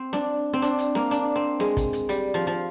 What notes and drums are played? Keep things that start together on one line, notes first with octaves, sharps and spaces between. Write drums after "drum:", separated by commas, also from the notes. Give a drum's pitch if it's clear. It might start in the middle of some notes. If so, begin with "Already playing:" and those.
Already playing: C4
D4, drum: snare
C4
D4, drum: hi-hat
drum: hi-hat
A#3, drum: snare
D4, drum: hi-hat
C4
G#3, drum: snare
drum: kick, hi-hat
drum: hi-hat
G3, drum: hi-hat
F3
F3